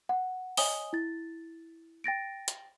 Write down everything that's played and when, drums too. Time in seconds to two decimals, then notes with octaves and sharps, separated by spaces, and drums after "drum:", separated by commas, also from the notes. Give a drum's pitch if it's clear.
0.09 F#5
0.57 C#5 D#5 G#5 D#6 G7, drum: open hi-hat
0.93 E4 A6
2.04 G5 A6 A#6 D7
2.48 drum: hi-hat